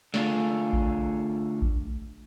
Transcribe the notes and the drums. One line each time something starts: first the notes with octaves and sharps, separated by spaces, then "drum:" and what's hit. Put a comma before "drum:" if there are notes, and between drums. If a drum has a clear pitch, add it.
D3 A3 F4 G#4, drum: snare
drum: kick A1
drum: kick A1